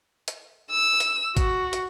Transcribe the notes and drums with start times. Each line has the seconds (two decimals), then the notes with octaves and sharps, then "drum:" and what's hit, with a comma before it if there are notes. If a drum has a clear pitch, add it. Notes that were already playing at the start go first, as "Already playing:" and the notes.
0.28 drum: hi-hat
0.71 E6
1.00 drum: hi-hat
1.37 F#4, drum: kick, hi-hat
1.73 drum: hi-hat